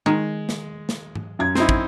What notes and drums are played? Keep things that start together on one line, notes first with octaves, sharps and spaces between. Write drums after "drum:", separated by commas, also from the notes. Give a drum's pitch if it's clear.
D#3 G#3
drum: snare
drum: snare
drum: tom G#2
F#2 G#6
C4 D#4 E4, drum: snare
drum: kick